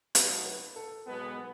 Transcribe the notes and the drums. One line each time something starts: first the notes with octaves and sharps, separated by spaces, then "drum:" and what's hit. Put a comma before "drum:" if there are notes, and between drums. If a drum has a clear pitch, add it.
B1 A2 F#3 B3 D#4 B4, drum: hi-hat
B4
A4
B1 B2 G#3 B3 B4
B4